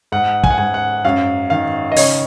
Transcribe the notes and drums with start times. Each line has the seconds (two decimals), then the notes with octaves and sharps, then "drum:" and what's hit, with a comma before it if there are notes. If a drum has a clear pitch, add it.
0.12 G#2 F#5
0.44 G#5, drum: kick
0.51 F#5
0.58 G#2 G#5
0.74 F#5
1.05 F#2 F5
1.50 D#3 F5
1.92 D#5
1.97 C#3 C#5, drum: open hi-hat